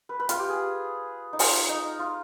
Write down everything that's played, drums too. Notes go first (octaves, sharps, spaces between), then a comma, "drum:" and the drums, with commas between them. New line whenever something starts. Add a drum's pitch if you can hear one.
B4
B4
F4, drum: hi-hat
G4
G#4
D#4
F4, drum: open hi-hat
D#4
F4